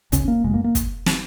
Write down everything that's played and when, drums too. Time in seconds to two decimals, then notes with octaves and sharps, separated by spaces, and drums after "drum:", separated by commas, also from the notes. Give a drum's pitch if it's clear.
0.12 C#2 C#3 C#4, drum: kick, hi-hat
0.28 A#3
0.43 F#1 F#2 C#3 G#3
0.54 A#3
0.64 A#3
0.75 drum: kick, hi-hat
1.06 drum: snare